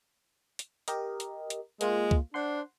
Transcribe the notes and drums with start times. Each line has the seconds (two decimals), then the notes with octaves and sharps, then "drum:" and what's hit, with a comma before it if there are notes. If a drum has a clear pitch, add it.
0.59 drum: hi-hat
0.88 G4 A#4 D#5, drum: hi-hat
1.20 drum: hi-hat
1.50 drum: hi-hat
1.81 G#3 A#3 F4, drum: hi-hat
2.11 drum: kick C#2
2.34 D4 C5 F#5 C6